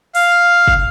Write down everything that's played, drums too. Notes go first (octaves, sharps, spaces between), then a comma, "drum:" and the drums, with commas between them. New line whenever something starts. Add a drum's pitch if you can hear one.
F5, drum: open hi-hat
drum: kick